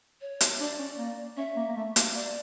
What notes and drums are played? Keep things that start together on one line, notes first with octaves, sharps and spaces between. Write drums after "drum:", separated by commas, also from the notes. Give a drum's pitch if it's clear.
C#5
drum: hi-hat
D4 D5
C#4
A#3
C#4 E5
A#3
A#3
A3
A#3, drum: hi-hat
A#3 D5